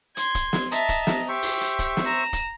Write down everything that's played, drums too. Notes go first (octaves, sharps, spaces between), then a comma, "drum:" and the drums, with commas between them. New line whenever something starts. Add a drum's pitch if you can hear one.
C6 G#6, drum: hi-hat
drum: kick, hi-hat
drum: snare
D#5 E5 A5 A#5, drum: hi-hat
drum: kick, hi-hat
drum: snare
G4 C5 E5 C#6
drum: open hi-hat
drum: hi-hat
drum: kick, hi-hat
drum: snare
A#5 E7
drum: kick, hi-hat